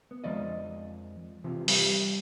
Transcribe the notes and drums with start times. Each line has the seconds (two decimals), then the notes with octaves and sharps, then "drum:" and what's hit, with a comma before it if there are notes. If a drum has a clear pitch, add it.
0.11 B3
0.24 F2 F3 G#3 D5 D#5
1.44 C3 E3 F3
1.68 G3, drum: open hi-hat